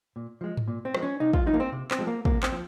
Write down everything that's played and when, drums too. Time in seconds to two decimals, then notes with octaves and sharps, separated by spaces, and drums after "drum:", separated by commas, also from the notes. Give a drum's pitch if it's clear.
0.16 A#2
0.41 F3 G#3
0.57 drum: tom G#2
0.68 A#2
0.85 C4
0.95 F3 G#3, drum: rim click
1.02 C#4
1.20 C3 D#4
1.33 F4, drum: kick
1.46 F3 G#3 D#4
1.54 A#3
1.60 C4
1.72 C3
1.91 C4, drum: clap
1.99 F3 G#3
2.07 A#3
2.25 C3 A#3, drum: kick
2.43 C4, drum: clap
2.52 F3